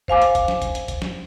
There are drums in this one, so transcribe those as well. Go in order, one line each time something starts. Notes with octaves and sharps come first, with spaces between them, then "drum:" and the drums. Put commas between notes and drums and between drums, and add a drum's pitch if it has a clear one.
C5 F5 G#5 D6, drum: kick
drum: hi-hat
drum: kick, hi-hat
drum: snare
drum: kick, hi-hat
drum: hi-hat
drum: kick, hi-hat
drum: snare